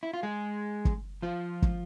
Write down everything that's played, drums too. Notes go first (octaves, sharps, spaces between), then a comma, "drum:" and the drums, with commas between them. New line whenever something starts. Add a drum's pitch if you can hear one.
E4
F4
G#3 G#4
drum: kick
F3 F4
drum: kick